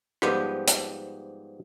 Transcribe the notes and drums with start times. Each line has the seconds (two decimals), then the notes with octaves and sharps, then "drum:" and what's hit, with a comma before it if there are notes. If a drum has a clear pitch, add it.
0.22 G#2 F3 G3 B3 G4, drum: rim click
0.67 drum: hi-hat